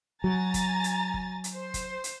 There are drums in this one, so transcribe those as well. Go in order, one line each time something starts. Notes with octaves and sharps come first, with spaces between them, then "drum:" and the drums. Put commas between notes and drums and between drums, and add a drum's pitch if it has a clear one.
F#3 G#5 A#5 A6
drum: kick F#1, hi-hat
drum: hi-hat
drum: kick F#1
drum: hi-hat
C5
drum: kick F#1, hi-hat
drum: hi-hat